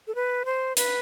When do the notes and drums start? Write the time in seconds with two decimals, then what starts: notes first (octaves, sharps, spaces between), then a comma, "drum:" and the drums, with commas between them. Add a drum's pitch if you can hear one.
0.07 A4
0.15 B4
0.45 C5
0.77 B4, drum: hi-hat